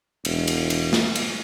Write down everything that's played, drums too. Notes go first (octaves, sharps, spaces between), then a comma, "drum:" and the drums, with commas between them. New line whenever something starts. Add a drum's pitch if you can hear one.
E1, drum: cymbal
drum: cymbal
drum: cymbal
drum: snare
drum: cymbal